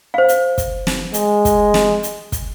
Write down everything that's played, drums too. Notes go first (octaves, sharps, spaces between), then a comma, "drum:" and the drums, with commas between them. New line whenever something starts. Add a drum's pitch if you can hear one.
C5 F5
drum: hi-hat
drum: kick, hi-hat
drum: snare
G#3, drum: hi-hat
drum: kick, hi-hat
drum: snare
drum: hi-hat
drum: kick, hi-hat